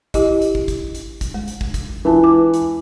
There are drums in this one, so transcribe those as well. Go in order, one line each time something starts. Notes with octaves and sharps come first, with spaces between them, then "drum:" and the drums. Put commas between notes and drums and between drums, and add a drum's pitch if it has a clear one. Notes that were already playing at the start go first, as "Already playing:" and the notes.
E4 G4 D#5, drum: kick, hi-hat
drum: hi-hat
drum: kick
drum: kick, hi-hat
drum: hi-hat
drum: kick, hi-hat
G#3
drum: hi-hat
drum: kick
drum: kick, hi-hat
E3 G#3 F4 A5
G#3 B4 D6
drum: hi-hat